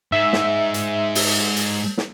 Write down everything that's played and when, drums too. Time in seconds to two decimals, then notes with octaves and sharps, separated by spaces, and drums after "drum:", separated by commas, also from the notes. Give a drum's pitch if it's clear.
0.12 G#2 E5
0.33 drum: snare
0.74 drum: hi-hat
1.15 drum: open hi-hat
1.56 drum: hi-hat
1.98 drum: snare